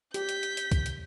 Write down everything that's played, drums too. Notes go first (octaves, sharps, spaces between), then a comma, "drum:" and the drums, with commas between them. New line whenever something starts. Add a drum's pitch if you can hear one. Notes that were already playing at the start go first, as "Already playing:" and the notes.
G4 G6 B6, drum: hi-hat
drum: hi-hat
drum: hi-hat
drum: hi-hat
drum: kick, hi-hat
drum: hi-hat